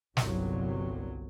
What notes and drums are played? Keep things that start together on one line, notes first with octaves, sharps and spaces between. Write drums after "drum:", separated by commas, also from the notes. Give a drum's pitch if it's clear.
G1 C2 G2 F#3, drum: snare